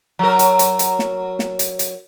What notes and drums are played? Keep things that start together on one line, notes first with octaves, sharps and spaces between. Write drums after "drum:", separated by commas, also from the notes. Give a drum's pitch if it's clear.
F#3 A#4
drum: hi-hat
drum: hi-hat
drum: hi-hat
drum: snare
drum: snare
drum: hi-hat
drum: hi-hat